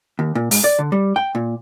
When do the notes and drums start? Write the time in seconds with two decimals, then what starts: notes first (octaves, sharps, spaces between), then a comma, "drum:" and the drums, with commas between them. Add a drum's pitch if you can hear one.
0.19 D#2
0.35 A#2
0.51 G#2, drum: open hi-hat
0.64 D5
0.79 D3
0.92 G3
1.16 G5
1.35 A#2